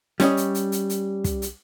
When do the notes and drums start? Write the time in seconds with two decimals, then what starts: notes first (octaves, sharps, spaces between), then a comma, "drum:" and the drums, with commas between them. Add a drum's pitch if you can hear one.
0.20 G3 C#4 C#5 D#5, drum: snare
0.37 drum: hi-hat
0.55 drum: hi-hat
0.72 drum: hi-hat
0.89 drum: hi-hat
1.24 drum: kick, hi-hat
1.42 drum: hi-hat